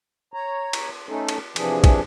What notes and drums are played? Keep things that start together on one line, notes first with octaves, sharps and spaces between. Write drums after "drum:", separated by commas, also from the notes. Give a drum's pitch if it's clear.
C#5 A#5
drum: cymbal
A3 C#4 D#4 A4
drum: cymbal
C3 E3 F3 D4 G#4, drum: cymbal
drum: kick, cymbal